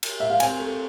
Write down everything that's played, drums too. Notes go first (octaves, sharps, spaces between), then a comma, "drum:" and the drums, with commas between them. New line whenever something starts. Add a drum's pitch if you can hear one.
drum: cymbal
E5
F5
C4 G#5, drum: cymbal
A3